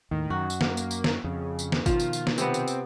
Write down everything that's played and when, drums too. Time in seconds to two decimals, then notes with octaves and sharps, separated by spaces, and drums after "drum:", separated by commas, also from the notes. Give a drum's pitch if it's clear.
0.11 D#2 A2 D#3
0.30 F#2 F#4
0.50 drum: tambourine
0.61 A#3, drum: snare
0.77 drum: tambourine
0.91 drum: tambourine
1.04 drum: snare
1.24 F2 C#3
1.59 drum: tambourine
1.72 drum: snare
1.86 B2 D#3 F3 F4, drum: kick, tambourine
2.00 drum: tambourine
2.13 drum: tambourine
2.27 drum: snare
2.38 C3 B3 C4, drum: tambourine
2.54 drum: tambourine
2.68 drum: tambourine